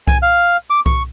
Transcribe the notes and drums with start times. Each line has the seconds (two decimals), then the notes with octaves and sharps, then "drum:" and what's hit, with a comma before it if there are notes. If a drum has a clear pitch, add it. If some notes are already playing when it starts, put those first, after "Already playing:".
0.07 G#5, drum: kick C2
0.22 F5
0.70 D6
0.86 C#6, drum: kick C2